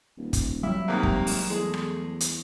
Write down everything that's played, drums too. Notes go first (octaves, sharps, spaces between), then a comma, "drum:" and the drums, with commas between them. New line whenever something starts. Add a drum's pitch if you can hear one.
D#1
drum: kick, hi-hat
F#3 G3 E4
E2 G#2 C3 D#3 A#3
drum: kick
drum: open hi-hat
E2 G#3 A3
drum: rim click
drum: hi-hat